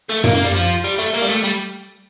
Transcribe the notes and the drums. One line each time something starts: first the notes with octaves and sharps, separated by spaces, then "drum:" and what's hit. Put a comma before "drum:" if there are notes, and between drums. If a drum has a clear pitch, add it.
A3
A#3, drum: tom F#2
A#3
G3
F3
G3
A3
A#3
G3
A3
G3